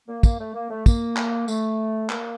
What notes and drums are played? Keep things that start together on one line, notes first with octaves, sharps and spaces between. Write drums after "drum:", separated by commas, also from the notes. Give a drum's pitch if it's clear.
A#3
A#3, drum: kick, tambourine
A3
A#3
A3
A#3, drum: kick, tambourine
drum: clap
A3, drum: tambourine
A#3, drum: clap